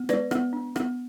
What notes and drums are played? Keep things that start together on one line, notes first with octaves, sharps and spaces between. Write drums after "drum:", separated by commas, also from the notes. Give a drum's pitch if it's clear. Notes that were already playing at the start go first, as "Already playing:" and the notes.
Already playing: B3
G#3 B4 D5, drum: rim click
B3, drum: rim click
D4
B3, drum: rim click